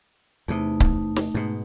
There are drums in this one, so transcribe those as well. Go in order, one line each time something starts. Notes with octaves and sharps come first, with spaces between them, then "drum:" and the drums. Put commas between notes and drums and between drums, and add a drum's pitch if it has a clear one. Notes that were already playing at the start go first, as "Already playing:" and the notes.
E2 C3 A3 D#4
drum: kick C#1
drum: snare
G#2 B2